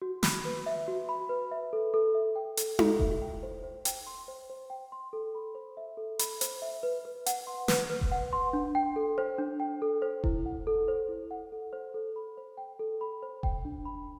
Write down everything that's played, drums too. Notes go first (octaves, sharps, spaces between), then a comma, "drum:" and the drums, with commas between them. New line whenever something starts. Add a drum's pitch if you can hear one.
F#4
B5, drum: snare
B4
E5
F#4
B5
B4
E5
A4
A4
E5
G5
A4, drum: hi-hat
A4, drum: tom D#4
E5, drum: kick E1
G5
C5
C5
G5, drum: hi-hat
C6
C5
C5
G5
C6
A4
B5
C5
E5
A4
B5, drum: hi-hat
C5, drum: hi-hat
E5
B4
B4
F#5, drum: hi-hat
C6
B4, drum: snare
B4
drum: kick E1
F#5
C6
D4
G5
A4
C5
D4
G5
A4
C5
E4, drum: kick E1
F#5
A4
C5
E4
F#5
A4
C5
A4
B5
C5
G5
A4
B5
C5
G5, drum: kick E1
D4
B5